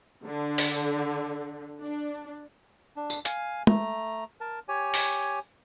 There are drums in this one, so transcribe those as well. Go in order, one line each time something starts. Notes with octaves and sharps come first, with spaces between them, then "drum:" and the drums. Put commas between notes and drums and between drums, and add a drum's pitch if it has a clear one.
D3
drum: open hi-hat
D4
D4
drum: tambourine
F5 G#5, drum: hi-hat
A3 A#5, drum: tom
A#4 A5
G4 C#5 G#5
drum: open hi-hat